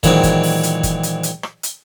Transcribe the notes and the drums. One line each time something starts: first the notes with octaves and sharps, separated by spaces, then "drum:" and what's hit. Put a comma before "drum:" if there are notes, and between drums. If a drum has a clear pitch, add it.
A#2 D#3 E3 F#3 G#3 C4, drum: kick, hi-hat
drum: kick, hi-hat
drum: open hi-hat
drum: hi-hat
drum: kick, hi-hat
drum: hi-hat
drum: hi-hat
drum: rim click
drum: hi-hat